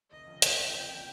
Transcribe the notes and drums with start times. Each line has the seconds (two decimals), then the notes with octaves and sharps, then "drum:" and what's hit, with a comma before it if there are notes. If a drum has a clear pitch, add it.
0.11 F1 D#5
0.26 F2 C#3 F3
0.42 F1 G5, drum: hi-hat
0.59 F2 C#3 F3
0.74 F2
0.90 C#3 F3 A#3